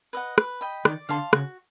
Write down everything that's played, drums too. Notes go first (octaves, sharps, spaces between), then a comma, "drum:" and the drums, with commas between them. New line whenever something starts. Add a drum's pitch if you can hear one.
B4 D#5 F#5
B4, drum: rim click
D#5 G5 B5
D#3 D#4 D5, drum: rim click
D3 D4 F5 A5 C6
C#3 C#4 F#4, drum: rim click